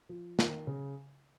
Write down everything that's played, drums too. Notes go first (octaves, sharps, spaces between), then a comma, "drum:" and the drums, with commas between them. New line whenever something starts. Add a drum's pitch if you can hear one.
F3
D#3, drum: snare
C#3